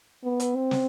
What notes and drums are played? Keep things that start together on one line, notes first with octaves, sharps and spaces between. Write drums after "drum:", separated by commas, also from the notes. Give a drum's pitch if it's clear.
B3
drum: hi-hat
C4
drum: snare